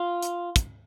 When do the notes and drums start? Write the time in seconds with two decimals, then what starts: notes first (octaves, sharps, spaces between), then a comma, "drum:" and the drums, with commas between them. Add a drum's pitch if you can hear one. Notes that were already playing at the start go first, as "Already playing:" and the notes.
Already playing: F4
0.23 drum: hi-hat
0.56 drum: kick, hi-hat